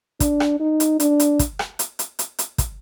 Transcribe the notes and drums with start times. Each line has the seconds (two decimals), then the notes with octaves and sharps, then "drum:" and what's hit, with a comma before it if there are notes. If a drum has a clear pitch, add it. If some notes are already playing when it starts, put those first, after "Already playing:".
0.20 D4, drum: kick, hi-hat
0.40 drum: rim click
0.60 D#4
0.80 drum: hi-hat
1.00 D4, drum: hi-hat
1.20 drum: hi-hat
1.39 drum: kick, hi-hat
1.59 drum: rim click
1.79 drum: hi-hat
1.99 drum: hi-hat
2.19 drum: hi-hat
2.39 drum: hi-hat
2.58 drum: kick, hi-hat